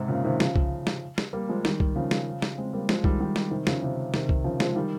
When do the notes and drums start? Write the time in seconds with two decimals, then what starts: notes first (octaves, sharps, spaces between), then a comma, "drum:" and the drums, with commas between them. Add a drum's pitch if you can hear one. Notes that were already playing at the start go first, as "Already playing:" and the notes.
Already playing: G#2 C3
0.08 A#2 C#3
0.25 C3 D#3
0.40 C#3 F3, drum: snare
0.56 drum: kick C2
0.87 drum: snare
1.18 drum: snare
1.33 G3 A#3
1.49 F3 G#3
1.65 D#3 G3, drum: snare
1.80 drum: kick C2
1.96 C#3 F3
2.11 drum: snare
2.42 drum: snare
2.58 G#3 C4
2.73 G3 A#3
2.89 F3 G#3, drum: snare
3.04 D#3 G3, drum: kick C2
3.20 D#3 G3
3.36 drum: snare
3.51 C3 D#3
3.67 C#3 F3, drum: snare
3.82 C3 D#3
4.14 C3 D#3, drum: snare
4.29 drum: kick C2
4.44 C#3 F3
4.60 F3 G#3, drum: snare
4.76 D#3 G3